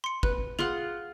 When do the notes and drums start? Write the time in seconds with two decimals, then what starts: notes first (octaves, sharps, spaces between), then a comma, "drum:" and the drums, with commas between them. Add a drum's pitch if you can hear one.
0.04 C6 C#7
0.23 B4 F#6, drum: kick
0.59 F4 G#4 F#5 C6 F6